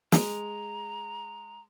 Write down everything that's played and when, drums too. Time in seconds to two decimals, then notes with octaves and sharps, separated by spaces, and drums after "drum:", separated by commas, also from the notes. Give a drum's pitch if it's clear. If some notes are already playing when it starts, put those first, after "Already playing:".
0.12 G#3 A#5, drum: snare